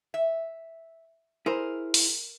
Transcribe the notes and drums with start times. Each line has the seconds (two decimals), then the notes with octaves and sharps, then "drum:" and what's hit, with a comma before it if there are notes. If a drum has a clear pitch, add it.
0.14 E5
1.46 E4 G#4 A#4 C5
1.94 drum: open hi-hat